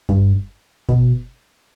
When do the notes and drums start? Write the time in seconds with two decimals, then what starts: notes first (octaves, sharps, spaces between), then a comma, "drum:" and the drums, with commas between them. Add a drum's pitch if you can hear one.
0.09 G2, drum: kick
0.89 B2, drum: kick